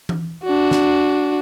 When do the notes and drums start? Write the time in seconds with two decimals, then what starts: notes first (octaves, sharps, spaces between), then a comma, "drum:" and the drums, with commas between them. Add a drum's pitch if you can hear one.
0.09 drum: tom E3
0.44 D4 F#4
0.71 drum: snare